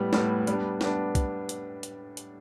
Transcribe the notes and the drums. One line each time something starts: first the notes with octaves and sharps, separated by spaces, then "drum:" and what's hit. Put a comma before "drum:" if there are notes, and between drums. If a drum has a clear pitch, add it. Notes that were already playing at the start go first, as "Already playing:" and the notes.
Already playing: A2 G3 B3
A2 G3 B3, drum: snare
G3 B3 D4, drum: hi-hat
G3 B3 D4, drum: snare
drum: kick, hi-hat
drum: hi-hat
drum: hi-hat
drum: hi-hat